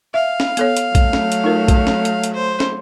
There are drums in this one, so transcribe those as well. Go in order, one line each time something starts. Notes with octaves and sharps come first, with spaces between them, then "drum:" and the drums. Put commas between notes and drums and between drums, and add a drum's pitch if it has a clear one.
E5 F5
drum: snare
B3 A4 C#5, drum: hi-hat
drum: hi-hat
F#3 A3, drum: kick, hi-hat
drum: snare
drum: hi-hat
D#4 F4 A#4
drum: kick, hi-hat
drum: snare
drum: hi-hat
drum: hi-hat
C5
drum: snare